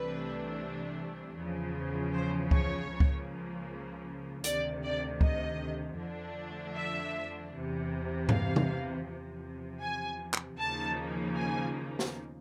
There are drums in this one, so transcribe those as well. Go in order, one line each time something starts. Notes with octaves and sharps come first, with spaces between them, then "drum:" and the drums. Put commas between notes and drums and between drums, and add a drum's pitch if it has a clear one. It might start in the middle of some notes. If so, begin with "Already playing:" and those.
Already playing: C2 C3 E3 A3 D4 B4
E2 C#3 F3
C5
C#5, drum: kick C#2
C#2 C#3 F3 A#3
drum: kick C#2
D2 C3 D#3 D5, drum: hi-hat
D5
D#5, drum: kick C#2
F2 D3 F3 A3 D4
E5
E2 C3 E3
F5, drum: tom G2
drum: tom C3
E2 C3 F3
G#5
drum: clap
D#2 C#3 F3 A#3 D#4 A5
G#5
drum: snare